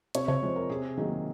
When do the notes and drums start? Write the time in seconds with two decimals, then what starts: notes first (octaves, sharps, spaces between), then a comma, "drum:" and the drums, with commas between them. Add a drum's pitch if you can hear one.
0.15 C3 C#5, drum: hi-hat
0.28 C#5, drum: tom C3
0.42 F3 G#3 C5
0.56 A#4
0.69 C3 G#4
0.97 D#3 F#3 A#3 G#4